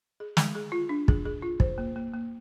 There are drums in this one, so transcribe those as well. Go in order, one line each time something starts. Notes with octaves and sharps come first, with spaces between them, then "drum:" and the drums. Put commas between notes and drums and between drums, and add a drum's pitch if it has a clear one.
G#4
G#3, drum: snare
G#4
F4
D4
G#4, drum: kick
G#4
F4
C5, drum: kick
A#3
A#3
A#3